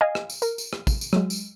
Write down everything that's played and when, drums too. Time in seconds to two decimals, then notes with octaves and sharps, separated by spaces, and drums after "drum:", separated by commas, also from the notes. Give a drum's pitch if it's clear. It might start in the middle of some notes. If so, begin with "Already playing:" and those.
0.01 D#5 F5 G#5
0.15 drum: rim click
0.30 drum: tambourine
0.42 A#4, drum: tambourine
0.58 drum: tambourine
0.73 drum: rim click
0.87 drum: kick, tambourine
1.01 drum: tambourine
1.13 F#3 G#3, drum: rim click
1.30 drum: tambourine